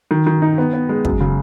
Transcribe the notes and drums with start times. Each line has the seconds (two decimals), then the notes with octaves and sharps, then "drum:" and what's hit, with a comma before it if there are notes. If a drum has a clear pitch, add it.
0.11 D#3
0.27 D#3
0.42 D#4
0.58 B3
0.74 B3
0.89 G#3
1.05 F#2, drum: kick
1.20 C#3